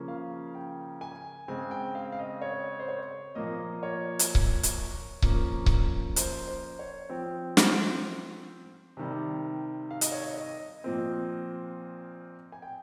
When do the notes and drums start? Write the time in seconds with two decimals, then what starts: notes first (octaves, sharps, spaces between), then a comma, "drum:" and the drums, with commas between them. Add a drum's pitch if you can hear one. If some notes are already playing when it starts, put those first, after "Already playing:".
Already playing: C#3 F3 A#3 C#4
0.08 F5
0.55 G5
1.01 G#5
1.48 C#3 G#3 C4 G#5
1.71 G5
1.95 F5
2.12 F5
2.19 D#5
2.42 C#5
2.79 C5
2.88 C#5
3.35 A#2 F3 A#3 D#5
3.83 C#5
4.19 drum: hi-hat
4.35 drum: kick C#1
4.63 drum: hi-hat
5.22 F3 A#3 C#4, drum: kick C#1
5.66 drum: kick C#1
6.16 C5, drum: hi-hat
6.47 C5
6.79 C#5
7.09 F3 C4 G5
7.57 C5, drum: snare
8.97 C3 D#3 G3
9.91 F5
10.01 D#5, drum: hi-hat
10.12 C#5
10.23 D#5
10.37 D#5
10.84 A#2 F3 C4
12.52 G#5
12.62 G5